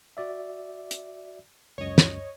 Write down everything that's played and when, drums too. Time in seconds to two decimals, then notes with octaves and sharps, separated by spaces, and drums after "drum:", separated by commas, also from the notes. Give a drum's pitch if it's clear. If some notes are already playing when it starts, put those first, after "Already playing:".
0.17 F#4 D5 E5
0.91 drum: hi-hat
1.78 C#2 F#2 C#5 D#5
1.98 drum: snare